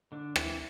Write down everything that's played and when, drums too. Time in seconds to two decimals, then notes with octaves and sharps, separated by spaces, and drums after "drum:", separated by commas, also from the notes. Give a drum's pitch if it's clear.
0.12 D3 D4
0.36 E3 E4, drum: rim click